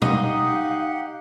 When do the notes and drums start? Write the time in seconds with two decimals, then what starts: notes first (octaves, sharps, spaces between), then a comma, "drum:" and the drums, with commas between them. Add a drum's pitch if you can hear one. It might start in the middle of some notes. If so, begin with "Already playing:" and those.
0.02 D#4 G4 D#5 F5 F#5, drum: tom B2